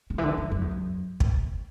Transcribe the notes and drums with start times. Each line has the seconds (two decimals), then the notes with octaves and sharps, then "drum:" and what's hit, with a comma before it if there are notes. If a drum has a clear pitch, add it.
0.10 C#3
0.18 E3
0.23 D3
0.38 G2
0.51 F#2
0.61 E2
0.71 F#2
1.20 drum: kick